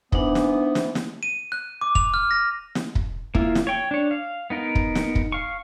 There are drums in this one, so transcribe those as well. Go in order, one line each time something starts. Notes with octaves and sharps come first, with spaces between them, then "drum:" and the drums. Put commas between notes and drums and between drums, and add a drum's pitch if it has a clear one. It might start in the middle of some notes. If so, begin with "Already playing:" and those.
G#2 E3 B3 D4 D#4, drum: kick
drum: snare
drum: snare
drum: snare
D#7
F#6
D6
F7, drum: kick
F6
A#6
drum: snare
drum: kick
A#3 E4 F4, drum: kick
drum: snare
C#5 G5
D4 C#5
F5
B3 D#4 A#4
drum: kick
drum: snare
drum: kick
F5 C#6